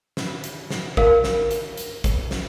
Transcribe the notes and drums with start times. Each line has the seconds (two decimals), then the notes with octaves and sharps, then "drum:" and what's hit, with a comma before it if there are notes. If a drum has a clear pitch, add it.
0.17 drum: snare
0.44 drum: hi-hat
0.70 drum: snare
0.97 A#4 F5, drum: kick
1.24 drum: snare
1.51 drum: hi-hat
1.77 drum: hi-hat
2.04 drum: kick, hi-hat
2.31 drum: snare